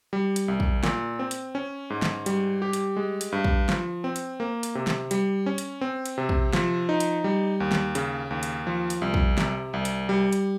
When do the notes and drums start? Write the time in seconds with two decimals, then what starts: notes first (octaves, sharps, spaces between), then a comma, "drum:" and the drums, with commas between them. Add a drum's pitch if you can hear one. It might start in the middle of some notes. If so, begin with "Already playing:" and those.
0.13 G3
0.36 drum: hi-hat
0.48 C2
0.60 drum: kick
0.83 A#2, drum: snare
1.19 C4
1.31 drum: hi-hat
1.55 C#4
1.90 G#2
2.02 drum: snare
2.26 G3, drum: hi-hat
2.62 G4
2.73 drum: hi-hat
2.97 G#3
3.21 drum: hi-hat
3.32 G2
3.45 drum: kick
3.69 F3, drum: snare
4.04 C4
4.16 drum: hi-hat
4.40 A#3
4.63 drum: hi-hat
4.75 C3
4.87 drum: snare
5.11 G3, drum: hi-hat
5.46 C#4
5.58 drum: hi-hat
5.81 C4
6.06 drum: hi-hat
6.18 C3
6.29 drum: kick
6.53 F3, drum: snare
6.89 D#4
7.00 drum: hi-hat
7.24 G3
7.60 D#2
7.72 drum: snare
7.95 C#3, drum: hi-hat
8.31 D#2
8.43 drum: hi-hat
8.67 F3
8.90 drum: hi-hat
9.02 C2
9.14 drum: kick
9.38 C3, drum: snare
9.73 C2
9.85 drum: hi-hat
10.09 G3
10.33 drum: hi-hat